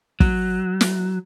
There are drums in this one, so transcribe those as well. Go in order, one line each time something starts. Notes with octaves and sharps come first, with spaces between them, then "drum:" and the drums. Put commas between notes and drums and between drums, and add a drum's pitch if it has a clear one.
F#3, drum: kick
drum: snare